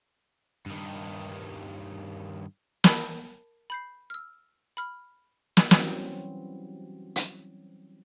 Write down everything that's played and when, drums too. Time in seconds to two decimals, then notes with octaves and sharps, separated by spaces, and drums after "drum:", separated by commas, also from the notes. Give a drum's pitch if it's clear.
0.66 G2 D#3
2.84 A#4 A5 B5, drum: snare
3.70 B5 G6 C7
4.10 E6 F6
4.77 B5 F6
5.57 drum: snare
5.71 E3 F#3 G3 C4 C#4, drum: snare
7.16 drum: hi-hat